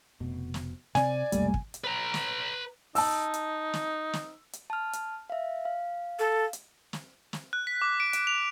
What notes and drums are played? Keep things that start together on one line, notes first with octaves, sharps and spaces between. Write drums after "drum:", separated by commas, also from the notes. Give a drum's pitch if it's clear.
F1 B2
drum: snare
C3 C4 D5 G#5, drum: snare
F1 B1 G3 A3 A#3, drum: hi-hat
drum: kick
drum: hi-hat
B4 A#5
drum: snare
D#4 A5 E6, drum: open hi-hat
drum: hi-hat
drum: snare
drum: snare
drum: hi-hat
A5 F6
drum: hi-hat
E5 F5
F5
A4
drum: hi-hat
drum: snare
drum: snare
F#6
B6
D6
D7
D7, drum: hi-hat
F7